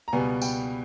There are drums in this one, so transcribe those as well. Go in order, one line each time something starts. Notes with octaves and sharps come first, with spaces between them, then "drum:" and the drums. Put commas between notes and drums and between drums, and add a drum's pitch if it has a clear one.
A#5
C#2 B2 G3 B3 G#5
G5, drum: tambourine